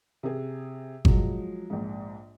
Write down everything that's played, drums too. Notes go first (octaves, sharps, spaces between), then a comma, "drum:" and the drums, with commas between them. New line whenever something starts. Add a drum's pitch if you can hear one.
C3 G#4
F3 F#3 G#3, drum: kick G1
A#1 G#2